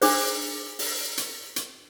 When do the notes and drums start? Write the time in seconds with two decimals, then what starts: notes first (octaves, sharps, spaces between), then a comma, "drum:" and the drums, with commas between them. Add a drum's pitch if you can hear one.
0.02 D4 G#4 C5, drum: open hi-hat
0.79 drum: open hi-hat
1.17 drum: hi-hat
1.56 drum: hi-hat